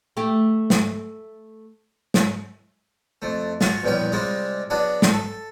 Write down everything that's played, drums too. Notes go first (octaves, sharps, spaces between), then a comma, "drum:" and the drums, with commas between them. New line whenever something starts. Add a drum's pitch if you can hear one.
A3 G4
drum: snare
drum: snare
F2 A3
F4 F#4 C#5, drum: snare
A#1 E2 G2 B3 C#4 G5
C3 G3 G#3 F4 G#4
F#3 B3 D4 G#4
drum: snare
A4